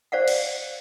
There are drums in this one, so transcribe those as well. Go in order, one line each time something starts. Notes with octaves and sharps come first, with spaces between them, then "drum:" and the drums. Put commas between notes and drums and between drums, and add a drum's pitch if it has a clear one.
C5 D5 F5 F#5
drum: cymbal